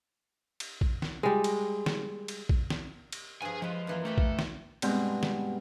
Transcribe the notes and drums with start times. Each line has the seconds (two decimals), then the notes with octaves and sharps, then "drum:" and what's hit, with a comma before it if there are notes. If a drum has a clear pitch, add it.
0.60 drum: cymbal
0.81 drum: kick
1.02 drum: snare
1.23 G3 G#3
1.44 drum: cymbal
1.86 drum: snare
2.28 drum: cymbal
2.49 drum: kick
2.70 drum: snare
3.12 drum: cymbal
3.42 G2 F3 G#4 G#5
3.62 F3 G#3 B4
3.87 F#2 E3 A#3
4.05 A3 G4 A#4 B4
4.18 drum: kick
4.39 drum: snare
4.82 G2 B2 G#3 C4, drum: cymbal
5.23 drum: snare